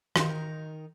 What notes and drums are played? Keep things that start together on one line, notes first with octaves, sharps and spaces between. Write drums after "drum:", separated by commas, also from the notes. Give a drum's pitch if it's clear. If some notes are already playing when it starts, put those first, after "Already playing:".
D#3 D#4 A#4, drum: rim click